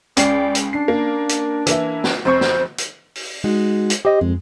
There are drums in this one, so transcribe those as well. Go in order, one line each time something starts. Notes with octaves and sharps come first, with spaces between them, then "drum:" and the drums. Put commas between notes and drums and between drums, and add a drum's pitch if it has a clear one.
C#2 C#4 D5 G5 C7, drum: hi-hat
drum: hi-hat
D4 C7
A#3
drum: hi-hat
E3 A#3 E4, drum: hi-hat
drum: snare
F1 C4 C5 C#6
drum: snare
drum: hi-hat
drum: open hi-hat
G#3 D#4 F#4
drum: hi-hat
G4 C5 D#5
F2 G#3